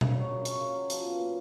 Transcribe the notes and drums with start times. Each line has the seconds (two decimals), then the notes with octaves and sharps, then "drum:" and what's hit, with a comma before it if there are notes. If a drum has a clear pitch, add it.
0.01 C#3, drum: tom B2
0.16 F#3
0.31 F#2
0.45 C#4, drum: hi-hat
0.60 C#3
0.75 F#3
0.90 F3, drum: hi-hat
1.04 B3
1.19 A#2